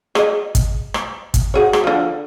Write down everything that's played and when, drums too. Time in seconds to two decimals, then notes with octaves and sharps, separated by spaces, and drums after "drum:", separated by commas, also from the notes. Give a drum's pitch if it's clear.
0.15 G#4 D#5, drum: rim click
0.55 drum: kick, hi-hat
0.94 drum: rim click
1.34 drum: kick, hi-hat
1.54 F#4 G#4 C#5
1.73 drum: rim click
1.84 D3 F3